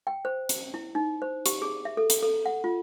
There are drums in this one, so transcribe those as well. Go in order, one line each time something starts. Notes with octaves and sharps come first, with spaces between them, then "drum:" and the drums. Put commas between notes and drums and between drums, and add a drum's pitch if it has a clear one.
G5
C5
drum: hi-hat
E4
D#4
C5
G4, drum: hi-hat
G#4
E5
A4
drum: hi-hat
A4
F#5
F4